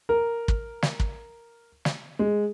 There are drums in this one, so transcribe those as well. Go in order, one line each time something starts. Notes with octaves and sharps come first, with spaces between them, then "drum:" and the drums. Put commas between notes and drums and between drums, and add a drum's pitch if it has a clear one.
A#4
drum: kick
drum: snare
drum: kick
drum: snare
G#3